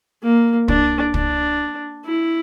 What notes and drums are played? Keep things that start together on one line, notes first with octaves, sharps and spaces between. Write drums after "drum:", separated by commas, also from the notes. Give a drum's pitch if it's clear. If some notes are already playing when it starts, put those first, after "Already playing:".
A#3
D4, drum: kick
D4, drum: kick
E4